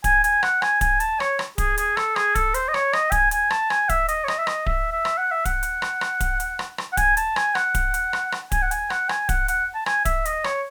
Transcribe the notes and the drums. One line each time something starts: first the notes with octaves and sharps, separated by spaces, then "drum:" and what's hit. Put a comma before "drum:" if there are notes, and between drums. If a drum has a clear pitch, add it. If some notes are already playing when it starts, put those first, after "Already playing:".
G#5, drum: kick D1, hi-hat
G#5, drum: hi-hat
F#5, drum: rim click
G#5, drum: rim click
G#5, drum: kick D1, hi-hat
A5, drum: hi-hat
C#5, drum: rim click
drum: rim click
G#4, drum: kick D1, hi-hat
G#4, drum: hi-hat
A4, drum: rim click
G#4, drum: rim click
A4, drum: kick D1, hi-hat
C5, drum: hi-hat
D#5
C#5, drum: rim click
D#5, drum: rim click
G#5, drum: kick D1, hi-hat
G#5, drum: hi-hat
A5, drum: rim click
G#5, drum: rim click
E5, drum: kick D1, hi-hat
D#5, drum: hi-hat
C#5
D#5, drum: rim click
E5
D#5, drum: rim click
E5, drum: kick D1
E5
drum: rim click
F#5
E5
F#5, drum: kick D1, hi-hat
drum: hi-hat
drum: rim click
drum: rim click
drum: kick D1, hi-hat
drum: hi-hat
drum: rim click
drum: rim click
F#5
G#5, drum: kick D1, hi-hat
A5, drum: hi-hat
G#5, drum: rim click
F#5, drum: rim click
drum: kick D1, hi-hat
drum: hi-hat
drum: rim click
drum: rim click
G#5, drum: kick D1, hi-hat
F#5
G#5, drum: hi-hat
F#5, drum: rim click
G#5, drum: rim click
F#5, drum: kick D1, hi-hat
F#5, drum: hi-hat
A5
G#5, drum: rim click
E5, drum: kick D1, hi-hat
D#5, drum: hi-hat
C#5, drum: rim click